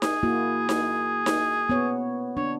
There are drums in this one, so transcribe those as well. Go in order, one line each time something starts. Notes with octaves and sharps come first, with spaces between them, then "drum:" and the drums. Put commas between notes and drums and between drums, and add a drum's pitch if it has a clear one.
G#4, drum: snare D#4
A#3 E4 F#4
drum: snare D#4
drum: snare D#4
B3 C#5
D4 C#5